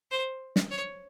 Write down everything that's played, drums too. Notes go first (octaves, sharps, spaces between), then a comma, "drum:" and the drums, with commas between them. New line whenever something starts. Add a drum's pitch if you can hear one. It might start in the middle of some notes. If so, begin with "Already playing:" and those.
C5
drum: snare
C#5